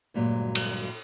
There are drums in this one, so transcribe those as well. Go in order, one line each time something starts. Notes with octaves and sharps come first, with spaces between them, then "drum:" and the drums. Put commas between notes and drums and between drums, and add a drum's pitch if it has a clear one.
D2 G2 A#2 F#3 G#3
drum: cymbal